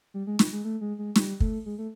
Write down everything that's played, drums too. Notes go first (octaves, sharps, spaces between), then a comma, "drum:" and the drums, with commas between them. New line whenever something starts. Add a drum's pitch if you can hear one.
G3
G#3
drum: snare
G#3
A3
G#3
G#3
G3, drum: snare
A3, drum: kick
G#3
A3